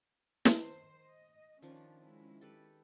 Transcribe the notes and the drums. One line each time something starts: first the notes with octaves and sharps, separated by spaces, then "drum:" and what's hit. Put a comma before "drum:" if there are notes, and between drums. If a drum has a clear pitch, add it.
drum: snare
D#3 C5
D#5
D#3 F3 C#4 D4
G#3 C#4 E4
G4 A4 B4